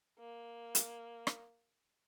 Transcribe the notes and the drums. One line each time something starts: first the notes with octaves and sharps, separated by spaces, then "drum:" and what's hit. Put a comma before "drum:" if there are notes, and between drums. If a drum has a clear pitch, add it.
A#3
drum: hi-hat
drum: rim click